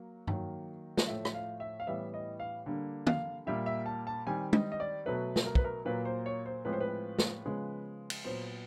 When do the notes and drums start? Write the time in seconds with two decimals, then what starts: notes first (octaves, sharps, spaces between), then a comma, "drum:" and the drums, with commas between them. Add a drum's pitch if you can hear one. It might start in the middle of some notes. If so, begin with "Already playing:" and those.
Already playing: F#3 A#3
0.27 D#3 F#3 A#3, drum: tom G2
0.97 drum: snare
1.07 A2 F3 A3 E5
1.25 drum: rim click
1.34 F5
1.60 E5
1.80 F5
1.87 A2 E3 G3 B3 E5
2.14 D#5
2.40 F5
2.66 D3 G3 A#3
3.07 F5, drum: tom
3.47 A#2 G3 A#3 E5
3.66 E5
3.86 A5
4.07 A5
4.26 D#3 G3 C4 G#5
4.53 D#5, drum: tom
4.72 D#5
4.80 D5
5.06 B2 F#3 A3 B4
5.36 drum: snare
5.46 A#4
5.55 B4, drum: kick
5.64 A#4
5.85 A#2 F#3 A#3 B4
6.05 C5
6.26 C#5
6.46 C5
6.65 A2 F3 G#3 C4 B4
6.73 C5
6.81 B4
7.19 drum: snare
7.45 C#3 F3 G#3 B3
8.10 drum: cymbal
8.24 A#2 F#3 B3 C5